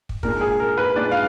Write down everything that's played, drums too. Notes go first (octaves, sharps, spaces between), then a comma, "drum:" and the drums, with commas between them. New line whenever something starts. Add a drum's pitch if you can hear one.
drum: kick
A#2 G#3 D4 A#4, drum: kick
G#4
A#4
B4
A#2 G#3 D4 D5
F5